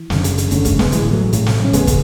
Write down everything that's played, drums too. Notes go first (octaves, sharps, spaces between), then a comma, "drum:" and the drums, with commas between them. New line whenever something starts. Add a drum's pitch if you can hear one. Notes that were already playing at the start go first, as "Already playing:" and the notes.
Already playing: E3
F#1 F#2 D3, drum: snare
drum: hi-hat
drum: hi-hat
F#1 F#2 D3 A3 C#4, drum: hi-hat
A3 C#4, drum: kick, hi-hat
G#3 B3, drum: snare
A1 A2 E3 G#3, drum: hi-hat
F#3 A3
A1 A2, drum: hi-hat
drum: snare
C#4
F#1 E2 C#3 G#3 B3, drum: hi-hat
drum: kick, hi-hat